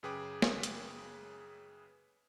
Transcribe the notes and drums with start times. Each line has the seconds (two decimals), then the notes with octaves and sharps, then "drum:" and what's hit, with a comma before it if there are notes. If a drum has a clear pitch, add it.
0.03 F#2 C#3 G#4 B4 G5 D6
0.42 drum: snare
0.63 drum: hi-hat